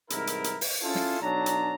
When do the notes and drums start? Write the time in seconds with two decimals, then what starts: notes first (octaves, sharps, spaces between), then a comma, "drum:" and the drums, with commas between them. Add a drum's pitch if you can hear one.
0.10 C2 G#2 E3 E4 A#4, drum: hi-hat
0.27 drum: hi-hat
0.44 drum: hi-hat
0.61 drum: open hi-hat
0.82 C#4 E4 F4 G#4 A4
0.95 drum: snare
1.21 B1 F#3 D4 A5 A#5
1.46 drum: hi-hat